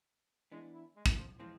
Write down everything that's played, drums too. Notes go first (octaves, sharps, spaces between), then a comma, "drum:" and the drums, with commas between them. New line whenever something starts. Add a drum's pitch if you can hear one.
E3 G#3 B3 D4
E4
G#3
drum: kick
F3
E3 F3 G#3 C4